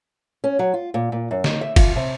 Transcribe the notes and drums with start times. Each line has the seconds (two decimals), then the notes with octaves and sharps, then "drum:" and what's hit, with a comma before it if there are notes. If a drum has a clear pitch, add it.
0.44 C#4
0.59 F#3
0.74 F4
0.94 A#2
1.12 A#2
1.31 F#2
1.44 D#4, drum: snare
1.61 E5
1.76 F4, drum: kick, cymbal
1.96 C3